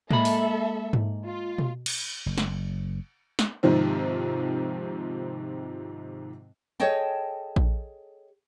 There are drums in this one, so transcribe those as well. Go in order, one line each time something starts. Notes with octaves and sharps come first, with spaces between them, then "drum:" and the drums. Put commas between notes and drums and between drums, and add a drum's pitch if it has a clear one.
G#3 A#3 A4 E5 B5, drum: tom A2
drum: open hi-hat
drum: tom G#2
F4
drum: tom B2
drum: cymbal
F#1
drum: snare
drum: snare
G#2 C3 D#3 F3 C4
G#4 A4 C#5 D#5 G5 A5
drum: kick A#1